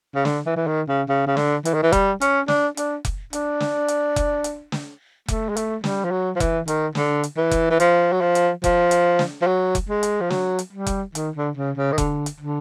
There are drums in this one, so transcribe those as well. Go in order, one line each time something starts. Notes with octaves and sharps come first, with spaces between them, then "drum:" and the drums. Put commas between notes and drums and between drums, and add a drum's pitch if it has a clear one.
C#3
D3, drum: snare
E3
E3
D#3
C#3
C#3
C#3
D3, drum: snare
E3, drum: hi-hat
D#3
E3
G3, drum: kick F1, hi-hat
C#4, drum: hi-hat
D4, drum: snare
D4, drum: hi-hat
drum: kick F1, hi-hat
D4, drum: hi-hat
drum: snare
drum: hi-hat
drum: kick F1, hi-hat
drum: hi-hat
drum: snare
A3, drum: kick F1, hi-hat
G#3
A3, drum: hi-hat
G3, drum: snare
F3
F#3
F3
E3, drum: kick F1, hi-hat
D#3, drum: hi-hat
D3, drum: snare
drum: hi-hat
E3
drum: kick F1, hi-hat
E3
F3, drum: hi-hat
F#3
F3
drum: hi-hat
F3, drum: kick F1, hi-hat
drum: hi-hat
drum: snare
F3
F#3
drum: kick F1, hi-hat
G#3
drum: hi-hat
F3
F#3, drum: snare
drum: hi-hat
G3
drum: kick F1, hi-hat
D#3, drum: hi-hat
D3
C#3
C#3
D#3
D3, drum: kick F1, hi-hat
drum: hi-hat
D3